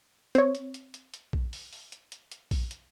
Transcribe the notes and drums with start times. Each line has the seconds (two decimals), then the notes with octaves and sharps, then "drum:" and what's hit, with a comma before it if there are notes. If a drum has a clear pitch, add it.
0.35 C4 C#5, drum: hi-hat
0.55 drum: hi-hat
0.74 drum: hi-hat
0.94 drum: hi-hat
1.14 drum: hi-hat
1.33 drum: kick A#1
1.53 drum: open hi-hat
1.73 drum: open hi-hat
1.92 drum: hi-hat
2.12 drum: hi-hat
2.32 drum: hi-hat
2.51 drum: kick A#1, open hi-hat
2.71 drum: hi-hat